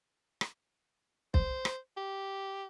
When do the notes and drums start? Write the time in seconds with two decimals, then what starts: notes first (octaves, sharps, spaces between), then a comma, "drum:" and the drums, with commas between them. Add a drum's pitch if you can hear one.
0.41 drum: rim click
1.34 C5, drum: kick
1.65 drum: rim click
1.97 G4